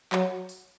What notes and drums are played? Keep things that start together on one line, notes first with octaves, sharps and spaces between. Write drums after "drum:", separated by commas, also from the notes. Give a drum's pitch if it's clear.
F#3, drum: clap
drum: open hi-hat